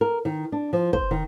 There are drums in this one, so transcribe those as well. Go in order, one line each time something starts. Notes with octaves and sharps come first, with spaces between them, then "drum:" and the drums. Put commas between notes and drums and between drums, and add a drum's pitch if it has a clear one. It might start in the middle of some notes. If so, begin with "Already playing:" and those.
A#4
D#3
D4
F3
C5, drum: kick
D#3